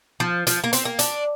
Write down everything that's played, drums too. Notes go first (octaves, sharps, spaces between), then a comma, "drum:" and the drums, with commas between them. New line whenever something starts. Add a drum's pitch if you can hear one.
F3
F3, drum: hi-hat
A#3
C4, drum: hi-hat
A#3
D4, drum: hi-hat